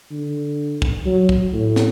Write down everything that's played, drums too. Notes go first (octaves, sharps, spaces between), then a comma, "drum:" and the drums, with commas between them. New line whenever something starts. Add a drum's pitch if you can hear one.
D3
drum: kick
F#3
drum: kick
A2
drum: snare